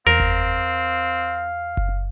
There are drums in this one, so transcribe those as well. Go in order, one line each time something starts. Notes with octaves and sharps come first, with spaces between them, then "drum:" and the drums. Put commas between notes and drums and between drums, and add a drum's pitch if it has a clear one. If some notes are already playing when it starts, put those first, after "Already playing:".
E2 C4 A#4 F5
drum: kick F#1
drum: kick F#1